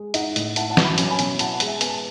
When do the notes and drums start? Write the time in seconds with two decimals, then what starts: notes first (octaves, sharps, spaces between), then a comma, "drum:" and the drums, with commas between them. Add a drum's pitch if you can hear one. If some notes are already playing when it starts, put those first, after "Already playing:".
Already playing: G#3
0.14 D#4 D#5 F#5, drum: hi-hat
0.36 A2, drum: hi-hat
0.56 E4 F#5 A5, drum: hi-hat
0.70 F#5 A5
0.77 F#3, drum: snare
0.84 B5
0.98 C#4, drum: hi-hat
1.10 G#5 B5
1.19 B2, drum: hi-hat
1.39 E4 F#5 A5, drum: hi-hat
1.53 F#5 A5
1.60 G#3, drum: hi-hat
1.67 E5 G#5
1.81 B3 G#5, drum: hi-hat
1.90 A5